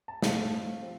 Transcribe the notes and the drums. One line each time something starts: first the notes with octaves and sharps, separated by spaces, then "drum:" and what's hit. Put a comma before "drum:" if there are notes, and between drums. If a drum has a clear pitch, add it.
A5
A2 A3 C4 F5, drum: snare
F3 C4